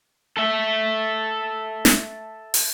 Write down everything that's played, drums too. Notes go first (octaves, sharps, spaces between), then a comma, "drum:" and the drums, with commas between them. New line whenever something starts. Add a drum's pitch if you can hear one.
A4 E5
drum: snare
drum: open hi-hat